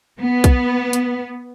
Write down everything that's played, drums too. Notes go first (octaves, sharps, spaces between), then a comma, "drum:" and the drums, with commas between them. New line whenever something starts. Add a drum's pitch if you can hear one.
B3
drum: kick, hi-hat
drum: hi-hat